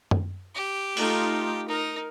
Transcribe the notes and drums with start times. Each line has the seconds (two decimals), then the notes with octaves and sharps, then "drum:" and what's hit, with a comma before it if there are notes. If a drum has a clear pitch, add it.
0.11 drum: tom
0.55 G4
0.97 A3 D#4 F4, drum: open hi-hat
1.68 D#4 A#4